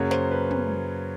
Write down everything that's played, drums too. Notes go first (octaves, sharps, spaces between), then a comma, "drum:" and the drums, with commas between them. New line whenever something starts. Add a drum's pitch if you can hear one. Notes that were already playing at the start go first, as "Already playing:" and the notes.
Already playing: F#2 C#3 F#3 A#3 C#5
C5, drum: snare
B4
drum: tom